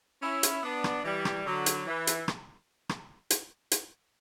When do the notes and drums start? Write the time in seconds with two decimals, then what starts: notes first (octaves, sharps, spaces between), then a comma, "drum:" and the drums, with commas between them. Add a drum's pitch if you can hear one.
0.22 C#4 E4
0.43 drum: hi-hat
0.63 B3 D4
0.84 drum: rim click
1.04 E3 G3
1.25 drum: rim click
1.46 D3 F#3
1.66 drum: hi-hat
1.87 E3
2.07 drum: hi-hat
2.28 drum: rim click
2.89 drum: rim click
3.30 drum: hi-hat
3.72 drum: hi-hat